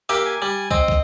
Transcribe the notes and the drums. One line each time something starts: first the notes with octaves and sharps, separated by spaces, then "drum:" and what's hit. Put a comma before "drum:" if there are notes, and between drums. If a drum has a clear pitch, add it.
A#3 G4 E5
G#5
G3
C4 D#5, drum: kick
drum: kick